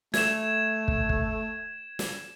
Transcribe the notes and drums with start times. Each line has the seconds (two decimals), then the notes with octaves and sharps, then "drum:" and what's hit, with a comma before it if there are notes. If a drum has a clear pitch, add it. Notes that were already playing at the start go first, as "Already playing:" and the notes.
0.14 A3 G#6 E7, drum: snare
0.88 drum: kick
1.09 drum: kick
1.99 drum: snare